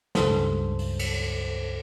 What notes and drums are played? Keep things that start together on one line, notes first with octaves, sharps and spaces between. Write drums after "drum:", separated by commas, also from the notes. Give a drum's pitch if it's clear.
C#2 G2 A4 C5, drum: snare
drum: open hi-hat
drum: cymbal